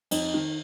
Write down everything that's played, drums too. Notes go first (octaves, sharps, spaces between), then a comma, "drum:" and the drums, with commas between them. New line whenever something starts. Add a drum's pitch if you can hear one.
F2 D#4, drum: cymbal
D#3